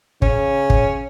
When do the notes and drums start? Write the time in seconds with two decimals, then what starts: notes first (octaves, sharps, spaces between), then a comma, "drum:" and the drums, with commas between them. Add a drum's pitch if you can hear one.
0.22 C#3 C#4, drum: kick
0.70 drum: kick